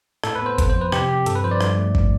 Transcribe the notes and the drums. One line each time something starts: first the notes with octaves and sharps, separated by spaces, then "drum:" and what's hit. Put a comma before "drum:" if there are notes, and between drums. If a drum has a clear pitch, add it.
A2 A4, drum: rim click
B4
B3 C5
F2, drum: kick G1, hi-hat
C5
F3
B4
C3 G4, drum: rim click
C4 G4
G2 A4, drum: hi-hat
B4
F3 C5
D5
G2, drum: rim click
A3
drum: kick G1